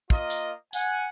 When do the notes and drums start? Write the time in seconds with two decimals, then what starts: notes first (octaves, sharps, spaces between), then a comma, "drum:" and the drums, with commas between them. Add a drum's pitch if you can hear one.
0.10 A#3 F4 A#4 D#5, drum: kick
0.30 drum: tambourine
0.73 F#5 G#5, drum: tambourine